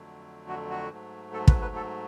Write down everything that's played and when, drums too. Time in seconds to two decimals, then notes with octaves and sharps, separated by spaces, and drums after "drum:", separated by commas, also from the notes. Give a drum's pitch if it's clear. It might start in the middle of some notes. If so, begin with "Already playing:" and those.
Already playing: F2 D3 F#3 A3
0.49 F#4
0.70 F#4
0.91 G#2 F#3 A3
1.33 A4
1.48 B4, drum: kick
1.62 B4
1.76 A4